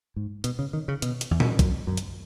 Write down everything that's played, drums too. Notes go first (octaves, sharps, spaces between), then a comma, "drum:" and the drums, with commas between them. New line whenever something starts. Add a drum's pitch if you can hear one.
G#2
B2, drum: hi-hat
C#3
D#3
C#3
B2, drum: hi-hat
drum: hi-hat
E2
drum: tom A#2
F#2, drum: kick, hi-hat
F#2
drum: hi-hat